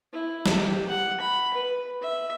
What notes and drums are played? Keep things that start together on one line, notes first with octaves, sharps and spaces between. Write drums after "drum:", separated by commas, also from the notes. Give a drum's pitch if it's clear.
E4
drum: snare
G4
F#5
B5
B4
E5